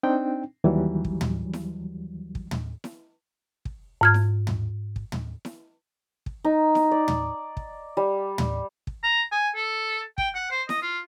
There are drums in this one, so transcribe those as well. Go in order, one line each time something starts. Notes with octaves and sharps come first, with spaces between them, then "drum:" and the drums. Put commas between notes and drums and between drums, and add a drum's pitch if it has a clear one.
C4 D4 D#4 G5
D#2 E3 F#3 G3
drum: kick
drum: tom
drum: snare E4
drum: kick
drum: tom
drum: snare E4
drum: kick
G#2 F6 G#6
drum: snare E4
drum: tom
drum: kick
drum: tom
drum: snare E4
drum: kick
D#4
drum: snare E4
D5
drum: tom
drum: kick
G3
drum: tom
drum: kick
A#5
G#5
A4
G5, drum: kick
F#5
C5
D#5, drum: snare E4
F4